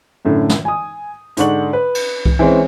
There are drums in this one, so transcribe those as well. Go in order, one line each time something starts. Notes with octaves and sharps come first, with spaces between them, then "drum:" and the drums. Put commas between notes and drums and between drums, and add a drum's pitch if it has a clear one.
F#2 A2 D3
drum: snare
G#5 D#6
G#2 D3 D4 F#5 C#6 F#7, drum: hi-hat
B4
drum: cymbal
drum: kick C2
E3 G#3 C4 C#4